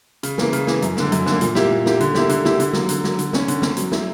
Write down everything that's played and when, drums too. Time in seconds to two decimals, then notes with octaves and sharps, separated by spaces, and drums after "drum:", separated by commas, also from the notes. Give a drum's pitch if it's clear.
0.23 C#3, drum: hi-hat
0.38 E3 A#3, drum: snare
0.53 C#3, drum: hi-hat
0.67 E3 A#3, drum: snare
0.82 F#2, drum: hi-hat
0.97 D3 A#3, drum: snare
1.12 F#2, drum: hi-hat
1.26 D3 A#3, drum: snare
1.41 A#2, drum: hi-hat
1.55 A#3 E4 G4, drum: snare
1.71 A#2
1.86 A#3 E4 G4, drum: snare
2.00 D3, drum: hi-hat
2.14 A#3 E4 G4, drum: snare
2.29 D3, drum: hi-hat
2.45 A#3 E4 G4, drum: snare
2.60 D3, drum: hi-hat
2.73 F#3 A#3, drum: snare
2.89 D3, drum: hi-hat
3.04 F#3 A#3, drum: snare
3.19 D3, drum: hi-hat
3.33 A#3 C#4, drum: snare
3.48 D3, drum: hi-hat
3.62 A#3 C#4, drum: snare
3.77 F#3, drum: hi-hat
3.92 A#3 E4, drum: snare